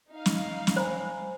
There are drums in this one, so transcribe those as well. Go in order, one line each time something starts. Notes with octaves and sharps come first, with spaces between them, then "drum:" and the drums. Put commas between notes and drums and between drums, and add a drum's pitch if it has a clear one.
D#4 F5
drum: snare
drum: snare
C5 G#5 A#5 B5